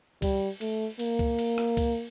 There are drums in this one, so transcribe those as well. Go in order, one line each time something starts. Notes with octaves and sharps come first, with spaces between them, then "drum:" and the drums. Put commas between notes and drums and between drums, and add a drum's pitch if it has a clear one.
G3, drum: kick C#2, cymbal
A3, drum: cymbal
A#3, drum: cymbal
drum: kick C#2
drum: cymbal
drum: rim click
drum: kick C#2, cymbal